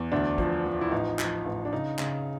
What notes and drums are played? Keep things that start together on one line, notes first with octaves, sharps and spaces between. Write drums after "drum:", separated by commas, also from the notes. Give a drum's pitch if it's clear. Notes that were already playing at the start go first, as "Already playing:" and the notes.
Already playing: E2
D2 D4
F3, drum: kick
F3
E4
A1 D#4
F3, drum: clap
A1
D4
C#3 D#4
C#3, drum: clap